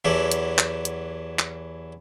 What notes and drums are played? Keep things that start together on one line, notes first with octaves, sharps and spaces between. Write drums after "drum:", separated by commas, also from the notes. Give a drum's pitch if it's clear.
E2 E3 F#3 G4 A4
drum: hi-hat
drum: clap
drum: hi-hat
drum: clap